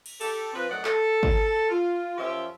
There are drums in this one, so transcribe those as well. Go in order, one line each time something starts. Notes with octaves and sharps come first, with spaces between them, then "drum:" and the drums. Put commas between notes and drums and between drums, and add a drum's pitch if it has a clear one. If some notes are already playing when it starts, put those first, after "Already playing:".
drum: cymbal
G4 A4, drum: cymbal
F3 C4 B4
F#2 A2 F#3 D5 D#5 F#5
A4, drum: clap
drum: kick G#1
F4
F#2 F3 C#4 G4 E5